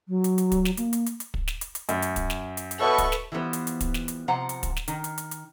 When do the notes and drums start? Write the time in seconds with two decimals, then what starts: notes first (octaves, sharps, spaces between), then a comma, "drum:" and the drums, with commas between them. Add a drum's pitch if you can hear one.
0.08 F#3
0.24 drum: hi-hat
0.38 drum: hi-hat
0.52 drum: kick, hi-hat
0.65 drum: snare
0.77 A#3, drum: hi-hat
0.93 drum: hi-hat
1.06 drum: hi-hat
1.20 drum: hi-hat
1.34 drum: kick
1.48 drum: snare
1.61 drum: hi-hat
1.75 drum: hi-hat
1.89 F#2, drum: hi-hat
2.02 drum: hi-hat
2.16 drum: kick, hi-hat
2.30 drum: snare
2.57 drum: hi-hat
2.71 drum: hi-hat
2.80 B2 A4 B4 C#5 E5 C#6 E6
2.98 drum: kick, hi-hat
3.12 drum: snare
3.32 E3 F3 G3 B3 C5
3.53 drum: hi-hat
3.67 drum: hi-hat
3.81 drum: kick, hi-hat
3.94 drum: snare
4.08 drum: hi-hat
4.28 C3 F3 C5 F#5 A#5
4.49 drum: hi-hat
4.63 drum: kick, hi-hat
4.76 drum: snare
4.88 D#3, drum: hi-hat
5.04 drum: hi-hat
5.18 drum: hi-hat
5.31 drum: hi-hat